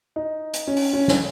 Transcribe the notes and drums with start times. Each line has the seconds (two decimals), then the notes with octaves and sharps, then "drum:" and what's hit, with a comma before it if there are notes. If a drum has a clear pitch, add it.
0.16 D#4
0.54 drum: hi-hat
0.67 C#4
0.76 drum: open hi-hat
0.93 C#4
1.08 drum: snare